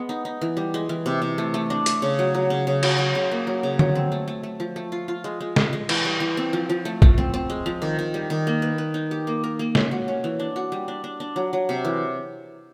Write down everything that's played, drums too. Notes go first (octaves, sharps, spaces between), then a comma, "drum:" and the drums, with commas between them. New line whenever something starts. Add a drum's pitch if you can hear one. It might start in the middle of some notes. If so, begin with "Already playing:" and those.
Already playing: G#3 B3
D#4
D#4
E3
G3
G#3
E3
C3
C3
A3
A3
D4
A3, drum: hi-hat
C#3
F#3
F#3
C#3
C#3
F#3, drum: cymbal
F#3
C#3
A#3
F#3
C#3
F#3, drum: tom D3
C4
A3
A3
A3
F3
A3
F4
F4
G#3
G#3
G#3, drum: snare
G#3
E3, drum: cymbal
G3
E3
C4
F3
F3
A3
A3, drum: kick
C4
C4
G#3
F3
D#3
D#3
G3
D#3
A#3
B4
B4
D#4
G4
A#3
A#4
A#3
C#4, drum: snare
F#4
C#4
E3
D4
F#4
G3
D4
D4
D4
F#3
F#3
C3
E3